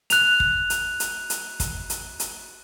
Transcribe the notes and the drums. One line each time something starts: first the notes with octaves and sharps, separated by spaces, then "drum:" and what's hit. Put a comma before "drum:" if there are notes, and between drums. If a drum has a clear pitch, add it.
F#6 F7, drum: hi-hat
drum: kick
drum: hi-hat
drum: hi-hat
drum: hi-hat
drum: kick, hi-hat
drum: hi-hat
drum: hi-hat